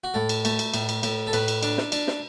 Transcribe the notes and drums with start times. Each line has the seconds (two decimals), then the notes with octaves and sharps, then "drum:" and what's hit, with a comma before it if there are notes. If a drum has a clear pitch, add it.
0.04 F#4
0.14 A2 A4
0.29 drum: cymbal
0.45 A3, drum: cymbal
0.59 drum: cymbal
0.74 A2, drum: cymbal
0.89 drum: cymbal
1.03 A2, drum: cymbal
1.27 A4
1.33 A2 B4, drum: cymbal
1.48 drum: cymbal
1.63 D4, drum: cymbal
1.78 drum: snare
1.92 D4, drum: cymbal
2.07 drum: snare